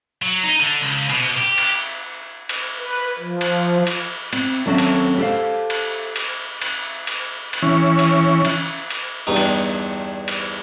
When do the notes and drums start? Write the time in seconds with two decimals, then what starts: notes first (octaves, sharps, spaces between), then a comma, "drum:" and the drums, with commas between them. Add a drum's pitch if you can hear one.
0.22 F#3
0.43 D#4
0.60 D3
0.82 C#2
1.10 B2, drum: cymbal
1.38 G4
1.58 drum: cymbal
2.49 drum: cymbal
2.78 B4
3.19 F3
3.41 drum: cymbal
3.87 drum: cymbal
4.33 C4, drum: cymbal
4.66 D#2 F#3 C4 C#4 A4 E5
4.78 drum: cymbal
5.18 G4 A4 C5 F5
5.70 drum: cymbal
6.16 drum: cymbal
6.62 drum: cymbal
7.07 drum: cymbal
7.53 drum: cymbal
7.62 E3 C#4
7.99 drum: cymbal
8.45 drum: cymbal
8.90 drum: cymbal
9.27 E2 G2 D#4
9.36 drum: cymbal
10.28 drum: cymbal